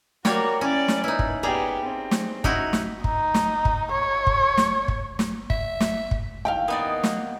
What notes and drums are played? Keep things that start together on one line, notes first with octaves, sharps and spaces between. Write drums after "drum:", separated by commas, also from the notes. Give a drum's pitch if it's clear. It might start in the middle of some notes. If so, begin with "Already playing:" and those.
G3 A#3 F#4 A#4 C#5, drum: snare
C#4 E4 D5
drum: snare
D#4 E4 B4
drum: kick G1
G3 B3 G4 G#4 A#5
C4
drum: snare
D#4 E4 F#4, drum: kick G1
drum: snare
D#4, drum: kick G1
drum: snare
drum: kick G1
C#5
drum: kick G1
drum: snare
drum: kick G1
drum: snare
E5, drum: kick G1
drum: snare
drum: kick G1
D#2 E4 F5 G5
A#3 B3 D#4 D5
drum: snare